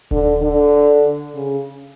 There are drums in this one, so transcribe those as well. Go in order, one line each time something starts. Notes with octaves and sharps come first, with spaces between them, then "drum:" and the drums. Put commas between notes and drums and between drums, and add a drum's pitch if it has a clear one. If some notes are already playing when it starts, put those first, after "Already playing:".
D3, drum: kick D#1
D3
C#3